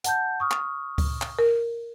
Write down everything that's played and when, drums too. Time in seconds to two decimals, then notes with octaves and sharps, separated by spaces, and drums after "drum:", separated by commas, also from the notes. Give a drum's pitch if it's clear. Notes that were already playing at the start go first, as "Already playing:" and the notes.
0.04 F#5 A5 G6, drum: hi-hat
0.40 C#6 D#6 F6
0.51 drum: clap
0.98 drum: kick C#2, open hi-hat
1.22 drum: clap
1.39 A#4